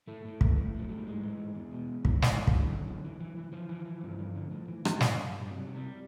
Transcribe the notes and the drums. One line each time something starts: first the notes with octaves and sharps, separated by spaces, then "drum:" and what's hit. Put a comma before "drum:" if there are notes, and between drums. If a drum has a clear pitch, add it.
A2 A3
A2
E3, drum: kick
A2
A2 F3
A2 F#3
G3
G#2 G#3
E3
G#2
E2
B2
E2
E3 F#3, drum: kick
G#2, drum: snare
G3
E3
F3, drum: kick
D3 F#3
F#2
D3
E3
E3
E3
E3 F3
E3
E3
G2
G2
D3
A2
E3
A2, drum: rim click
G2, drum: snare
G2
G2
G3
C3 F#3
C3
G3